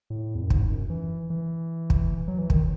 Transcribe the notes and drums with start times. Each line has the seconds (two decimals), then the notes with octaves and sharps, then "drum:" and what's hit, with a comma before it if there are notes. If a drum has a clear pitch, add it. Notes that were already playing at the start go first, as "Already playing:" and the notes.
0.10 A2
0.35 E2
0.43 F#2
0.50 G#2, drum: kick
0.70 F#2
0.90 E3
1.30 E3
1.90 drum: kick
2.28 F#3
2.38 E3
2.50 D#3, drum: kick